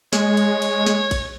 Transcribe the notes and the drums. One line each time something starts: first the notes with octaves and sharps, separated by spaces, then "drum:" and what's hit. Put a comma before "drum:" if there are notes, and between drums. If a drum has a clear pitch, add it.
G#3 C#5, drum: snare
drum: cymbal
drum: cymbal
drum: snare
drum: kick A1, cymbal